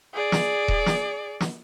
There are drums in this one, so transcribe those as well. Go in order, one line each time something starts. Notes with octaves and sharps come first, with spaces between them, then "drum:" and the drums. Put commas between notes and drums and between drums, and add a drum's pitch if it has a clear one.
G#4 D5
drum: snare
drum: kick D#1
drum: snare
drum: snare